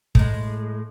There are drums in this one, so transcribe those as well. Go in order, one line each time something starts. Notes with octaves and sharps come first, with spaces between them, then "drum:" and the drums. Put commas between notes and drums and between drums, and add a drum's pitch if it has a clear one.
A2 G#3, drum: kick